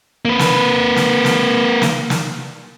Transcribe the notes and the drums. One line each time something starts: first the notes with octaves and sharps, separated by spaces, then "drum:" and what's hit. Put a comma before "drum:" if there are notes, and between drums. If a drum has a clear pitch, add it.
A#3 B4
drum: snare
drum: snare
drum: snare
drum: snare
drum: snare